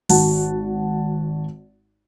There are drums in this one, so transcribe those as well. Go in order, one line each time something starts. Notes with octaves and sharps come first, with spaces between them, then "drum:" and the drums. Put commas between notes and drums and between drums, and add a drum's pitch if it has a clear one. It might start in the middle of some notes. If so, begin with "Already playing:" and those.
G#1 F#4 F#5 A5, drum: open hi-hat